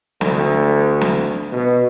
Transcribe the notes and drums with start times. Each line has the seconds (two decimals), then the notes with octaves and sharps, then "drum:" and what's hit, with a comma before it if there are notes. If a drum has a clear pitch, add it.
0.21 D2, drum: snare
1.01 drum: snare
1.52 B2